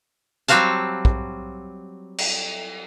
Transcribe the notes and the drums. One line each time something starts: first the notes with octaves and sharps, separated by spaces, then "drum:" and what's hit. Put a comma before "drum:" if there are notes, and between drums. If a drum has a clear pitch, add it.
F#3 G3 C4 F#4 F5 A5, drum: hi-hat
drum: kick
drum: cymbal